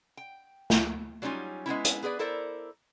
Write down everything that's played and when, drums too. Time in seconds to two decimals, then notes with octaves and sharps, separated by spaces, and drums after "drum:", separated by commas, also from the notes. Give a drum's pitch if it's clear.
0.17 G5
0.70 drum: snare
1.22 F#3 G3 C#4 D#4 F4 G#5
1.66 G#3 B3 C#4 E4
1.85 drum: hi-hat
2.03 B3 G#4 B4 D5
2.19 E4 A4 A#4 C5 D5